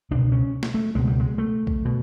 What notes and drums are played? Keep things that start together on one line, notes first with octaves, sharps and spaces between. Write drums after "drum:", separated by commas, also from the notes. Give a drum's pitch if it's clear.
C#2 B2 D4
C#4
drum: snare
A3
C#2 B2 G#3
G3
G#3
A3
drum: kick
B2